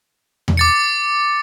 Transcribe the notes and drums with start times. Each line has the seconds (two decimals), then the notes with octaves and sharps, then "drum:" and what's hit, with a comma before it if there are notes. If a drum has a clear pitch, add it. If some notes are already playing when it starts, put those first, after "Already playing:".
0.48 drum: tom E2
0.57 D6 A6 C#7